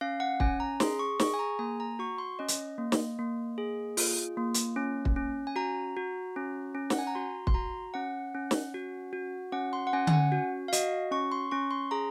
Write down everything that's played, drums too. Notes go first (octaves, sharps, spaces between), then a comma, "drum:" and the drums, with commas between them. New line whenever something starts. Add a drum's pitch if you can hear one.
C#4 F5
F#5
C#4 G#5, drum: kick
A#5
G#4 C6, drum: snare
C#6
G#4 C#6, drum: snare
G#5
A#5
A#3 G#5
A#5
F#4 C#6
C6
C#4 D#5
drum: hi-hat
A#3
drum: snare
A#3
G#4
F4, drum: open hi-hat
A#3
drum: hi-hat
C#4
drum: kick
C#4
G#5
F#4 A#5
F#4
C#4
C#4
F#5, drum: snare
G#5
A#5
F#4 C6
C6, drum: kick
F#4 A#5
C#4 F#5
C#4
drum: snare
F#4
F#4
C#4 F#5
C6
F#5
C#4 G#5
G#5, drum: tom D3
F#5
F#4
F5
F#4 D#5, drum: hi-hat
C#4 C#6
C6
C#4 C#6
C6
G#4 A#5